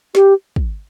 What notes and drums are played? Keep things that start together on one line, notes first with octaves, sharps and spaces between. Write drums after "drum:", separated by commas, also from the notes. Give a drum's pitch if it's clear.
G4, drum: snare
drum: kick